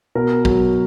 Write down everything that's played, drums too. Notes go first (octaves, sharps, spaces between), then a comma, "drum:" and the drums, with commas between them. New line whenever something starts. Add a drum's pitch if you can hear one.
B2 A#4
F#3, drum: kick A#1